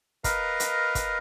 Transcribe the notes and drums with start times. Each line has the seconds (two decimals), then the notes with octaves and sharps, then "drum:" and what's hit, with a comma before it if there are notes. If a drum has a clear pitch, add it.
0.24 A#4 B4 D#5 F5 A#5, drum: kick, hi-hat
0.60 drum: hi-hat
0.95 drum: kick, hi-hat